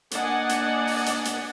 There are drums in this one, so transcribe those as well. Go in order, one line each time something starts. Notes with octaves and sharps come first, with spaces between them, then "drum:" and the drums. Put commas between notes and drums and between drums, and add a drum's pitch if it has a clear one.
A#3 D4 D5 D#5 F#5 G#5, drum: hi-hat
drum: hi-hat
drum: open hi-hat
drum: hi-hat
drum: hi-hat